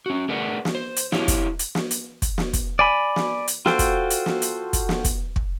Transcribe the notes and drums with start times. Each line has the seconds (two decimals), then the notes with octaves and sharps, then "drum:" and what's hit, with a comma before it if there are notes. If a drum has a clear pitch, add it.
0.06 C#4 F#4
0.28 A3 G#4 A#4 B4 D5 F#5
0.65 drum: snare
0.75 C5
0.96 drum: hi-hat
1.12 E4 G4 C#5 F5, drum: snare
1.28 drum: kick, hi-hat
1.59 drum: hi-hat
1.75 drum: snare
1.91 drum: hi-hat
2.22 drum: kick, hi-hat
2.38 drum: snare
2.53 drum: kick, hi-hat
2.79 D5 G#5 B5
3.16 drum: snare
3.48 drum: hi-hat
3.66 F4 F#4 A4 C5 G5, drum: snare
3.79 drum: kick, hi-hat
4.10 drum: hi-hat
4.26 drum: snare
4.42 drum: hi-hat
4.73 drum: kick, hi-hat
4.89 drum: snare
5.04 drum: kick, hi-hat
5.36 drum: kick